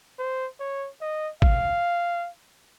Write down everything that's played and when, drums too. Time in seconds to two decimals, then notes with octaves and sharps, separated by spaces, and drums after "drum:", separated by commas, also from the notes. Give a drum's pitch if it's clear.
0.19 C5
0.60 C#5
1.01 D#5
1.42 F5, drum: kick